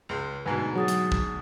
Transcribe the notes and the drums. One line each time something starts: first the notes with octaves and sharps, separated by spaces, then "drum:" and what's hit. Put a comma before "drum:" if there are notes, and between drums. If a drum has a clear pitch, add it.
C#2 G#3 C6
D2 G#2 B2 B4 G#5 A#5
F#3 G#4 D#6 A6
drum: hi-hat
drum: kick